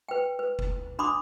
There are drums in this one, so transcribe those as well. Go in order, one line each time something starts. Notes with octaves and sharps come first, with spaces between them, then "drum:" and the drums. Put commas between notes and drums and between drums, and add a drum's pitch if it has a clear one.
B4 G5
B4
drum: kick F1
D4 B5 C6 D6 D#6